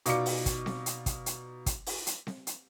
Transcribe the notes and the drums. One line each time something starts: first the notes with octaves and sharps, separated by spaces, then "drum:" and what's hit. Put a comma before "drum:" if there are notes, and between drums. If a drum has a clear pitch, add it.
B2 D#4 F4 D5 D6 C#7, drum: hi-hat
drum: open hi-hat
drum: kick, hi-hat
drum: snare C4
drum: hi-hat
drum: kick, hi-hat
drum: hi-hat
drum: kick, hi-hat
drum: open hi-hat
drum: hi-hat
drum: snare C4
drum: hi-hat